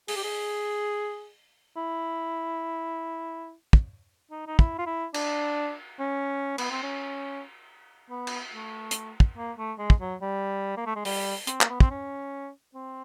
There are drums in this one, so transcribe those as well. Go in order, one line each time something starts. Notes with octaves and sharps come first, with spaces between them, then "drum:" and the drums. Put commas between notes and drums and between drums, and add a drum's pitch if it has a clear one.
G#4, drum: open hi-hat
G4
G#4
E4
drum: kick
D#4
D#4
E4, drum: kick
F4
E4
D4, drum: cymbal
C#4
B3, drum: cymbal
C4
C#4
B3
drum: cymbal
A3
drum: hi-hat
drum: kick
A#3
A3
G#3
drum: kick
F#3
G3
A#3
A3
G#3
G3, drum: open hi-hat
C4, drum: hi-hat
A#3, drum: clap
B3
C4, drum: kick
C#4
C4